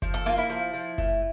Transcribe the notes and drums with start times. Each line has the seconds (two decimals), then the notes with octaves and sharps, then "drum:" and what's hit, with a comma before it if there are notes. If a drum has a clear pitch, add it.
0.02 F3, drum: kick F#1
0.14 A4
0.26 A#3 F4
0.38 E4
0.50 F3
0.74 F3
0.98 A3, drum: kick F#1